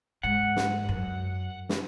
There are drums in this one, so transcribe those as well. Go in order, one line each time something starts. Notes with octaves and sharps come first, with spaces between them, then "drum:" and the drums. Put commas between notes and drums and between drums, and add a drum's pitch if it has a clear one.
G#2 F#5
drum: snare
F#2
drum: snare